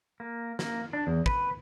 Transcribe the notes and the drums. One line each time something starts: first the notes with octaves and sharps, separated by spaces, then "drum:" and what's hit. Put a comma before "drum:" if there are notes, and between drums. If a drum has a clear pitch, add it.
A#3
A#3, drum: snare
D4
E2
B4, drum: kick